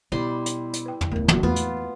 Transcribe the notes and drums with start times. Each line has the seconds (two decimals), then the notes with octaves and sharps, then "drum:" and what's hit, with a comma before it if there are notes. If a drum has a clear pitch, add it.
0.12 B2 G3 E4 C6
0.46 drum: hi-hat
0.73 drum: hi-hat
0.86 B4 G5
1.01 drum: tom F2
1.11 D1 A3 B3 A#4
1.28 F#3 A#3 F#4, drum: tom
1.43 E2 A3 B3 F4
1.56 drum: hi-hat